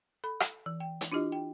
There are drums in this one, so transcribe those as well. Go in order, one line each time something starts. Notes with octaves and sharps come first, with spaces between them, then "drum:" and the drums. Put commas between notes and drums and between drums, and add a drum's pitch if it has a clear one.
A4 B5
drum: rim click
E3
G5
drum: hi-hat
D4 E4 F4 G4 D#5
G5